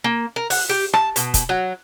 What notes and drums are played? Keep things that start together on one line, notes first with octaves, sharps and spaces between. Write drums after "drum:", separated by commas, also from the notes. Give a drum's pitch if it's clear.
A#3
A#4
F#5, drum: open hi-hat
G4
A5, drum: rim click
B2, drum: hi-hat
drum: kick, hi-hat
F#3